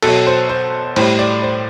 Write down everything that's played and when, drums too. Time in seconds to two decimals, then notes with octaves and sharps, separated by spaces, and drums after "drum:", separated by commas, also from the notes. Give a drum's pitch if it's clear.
0.02 B2 F#3 A4, drum: cymbal
0.27 C5
0.49 C5
0.96 A2 G3 C5, drum: cymbal
1.19 D5
1.43 C5